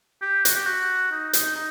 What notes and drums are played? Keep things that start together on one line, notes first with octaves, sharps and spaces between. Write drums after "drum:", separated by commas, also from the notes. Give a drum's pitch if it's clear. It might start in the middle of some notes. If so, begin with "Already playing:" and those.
G4
F#4, drum: hi-hat
G4
F#4
D#4
D#4, drum: hi-hat
D#4